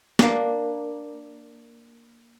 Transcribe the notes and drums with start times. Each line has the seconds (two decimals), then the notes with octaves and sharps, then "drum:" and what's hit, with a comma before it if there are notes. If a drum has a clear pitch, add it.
0.19 A#3 D4, drum: snare